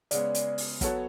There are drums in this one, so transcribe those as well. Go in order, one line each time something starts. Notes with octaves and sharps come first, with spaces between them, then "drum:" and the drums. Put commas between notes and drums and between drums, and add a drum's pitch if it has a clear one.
C#3 G#3 B3 D5, drum: hi-hat
drum: hi-hat
drum: open hi-hat
F#3 B3 F#4 A4 C#5, drum: kick, hi-hat